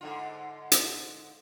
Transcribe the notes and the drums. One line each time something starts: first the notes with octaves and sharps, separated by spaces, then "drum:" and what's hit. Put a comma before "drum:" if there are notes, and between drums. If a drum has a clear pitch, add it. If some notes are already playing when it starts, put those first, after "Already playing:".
G#2 D3 F4
drum: hi-hat